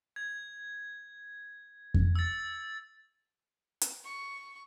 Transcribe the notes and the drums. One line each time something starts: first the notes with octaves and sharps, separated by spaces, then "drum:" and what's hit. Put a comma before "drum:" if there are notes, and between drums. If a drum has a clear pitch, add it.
G#6
drum: kick F2
E6 A6
drum: hi-hat
C#6